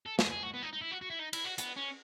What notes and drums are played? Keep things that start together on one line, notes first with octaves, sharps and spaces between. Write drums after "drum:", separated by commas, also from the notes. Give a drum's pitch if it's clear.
A4
G#4, drum: snare
G#4
F#4
B3
D#4
D#4
E4
F#4
F#4
E4
D#4
E4, drum: cymbal
F#4
B3, drum: hi-hat
C#4